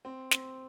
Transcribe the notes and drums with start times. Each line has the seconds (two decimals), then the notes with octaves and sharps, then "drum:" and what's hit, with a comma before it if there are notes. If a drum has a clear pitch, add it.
0.05 C4
0.31 C4, drum: snare